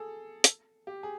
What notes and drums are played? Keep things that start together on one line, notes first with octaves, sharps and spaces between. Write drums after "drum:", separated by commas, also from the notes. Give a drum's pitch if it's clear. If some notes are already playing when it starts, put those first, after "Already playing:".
Already playing: G#4 A4
drum: hi-hat
G4
G#4